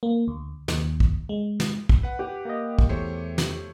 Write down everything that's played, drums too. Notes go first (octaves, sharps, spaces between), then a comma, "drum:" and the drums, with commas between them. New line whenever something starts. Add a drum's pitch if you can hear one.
A#3
D2
D#2, drum: snare
drum: kick
G#3
drum: snare
drum: kick
B4 F#5
G4
A#3 D#5
drum: kick
E2 A3 C5 C#5
drum: snare